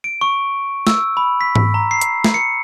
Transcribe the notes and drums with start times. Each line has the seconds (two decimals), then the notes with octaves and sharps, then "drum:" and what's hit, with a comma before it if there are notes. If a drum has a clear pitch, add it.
0.04 D7
0.21 C#6
0.87 E6, drum: snare
1.17 B5
1.41 B6
1.56 drum: tom G#2
1.74 A#5
1.91 C7
2.01 drum: hi-hat
2.24 drum: snare
2.34 C#7